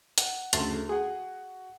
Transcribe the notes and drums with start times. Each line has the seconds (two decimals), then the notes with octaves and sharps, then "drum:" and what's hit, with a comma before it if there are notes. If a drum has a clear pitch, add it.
0.18 F#5, drum: hi-hat
0.53 D2 C#3 A3 A5 C6, drum: hi-hat
0.89 F#4 G#4 F#5